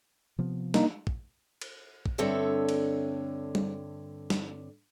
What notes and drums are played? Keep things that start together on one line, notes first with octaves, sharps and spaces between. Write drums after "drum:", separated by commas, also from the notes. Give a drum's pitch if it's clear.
C3 F3 B3
A#3 D4 D#4, drum: snare
drum: kick
drum: cymbal
drum: kick
G2 D3 C4 A4 C#5 E5
drum: cymbal
drum: tom G3
drum: snare